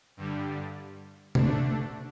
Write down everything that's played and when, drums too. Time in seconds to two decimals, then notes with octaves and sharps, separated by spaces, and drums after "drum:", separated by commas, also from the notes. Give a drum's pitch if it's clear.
0.17 G2 D3 G3
1.35 D3 A3 D4, drum: tom C3